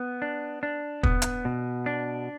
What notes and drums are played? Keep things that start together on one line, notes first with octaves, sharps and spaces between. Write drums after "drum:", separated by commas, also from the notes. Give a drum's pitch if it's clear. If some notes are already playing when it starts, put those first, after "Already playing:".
Already playing: B3
D4
D4
B3, drum: kick
drum: hi-hat
B2
D4